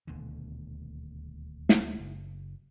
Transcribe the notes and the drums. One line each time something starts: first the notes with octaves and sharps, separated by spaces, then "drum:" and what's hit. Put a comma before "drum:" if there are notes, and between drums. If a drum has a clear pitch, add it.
D#1 D2 B2 D3
drum: snare
F#1